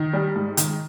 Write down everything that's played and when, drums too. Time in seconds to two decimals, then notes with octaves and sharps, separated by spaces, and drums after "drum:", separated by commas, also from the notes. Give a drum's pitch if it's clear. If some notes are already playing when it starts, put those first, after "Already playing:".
Already playing: D#3
0.13 G3
0.36 G#2
0.57 D#3, drum: hi-hat